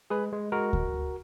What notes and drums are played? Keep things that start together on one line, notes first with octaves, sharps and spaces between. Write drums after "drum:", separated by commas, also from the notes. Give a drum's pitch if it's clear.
G#3 G#4 B4
G#3
G#3 F#4 A#4
drum: kick D2